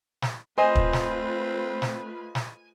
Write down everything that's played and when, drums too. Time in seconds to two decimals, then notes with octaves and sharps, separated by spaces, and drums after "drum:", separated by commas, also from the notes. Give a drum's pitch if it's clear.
0.22 drum: snare
0.58 A3 C4 F4 B4 C5 D#5 G#5
0.75 drum: kick
0.93 drum: snare
1.82 drum: snare
2.35 drum: snare